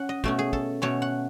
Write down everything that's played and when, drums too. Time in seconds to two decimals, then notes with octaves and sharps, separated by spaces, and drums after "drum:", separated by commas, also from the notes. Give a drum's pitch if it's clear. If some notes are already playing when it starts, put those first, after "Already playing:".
Already playing: C#4 F#5
0.09 D#5
0.24 B2 A3 C#4, drum: kick
0.39 G#4
0.53 A4, drum: kick
0.82 B2 A3 C#4 C#5
1.02 F#5